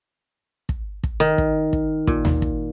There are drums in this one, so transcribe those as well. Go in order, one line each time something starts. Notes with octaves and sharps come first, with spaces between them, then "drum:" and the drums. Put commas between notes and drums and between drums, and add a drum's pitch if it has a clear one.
drum: kick
drum: kick
D#3
drum: kick
drum: kick
A#2, drum: kick
drum: tom D2
drum: kick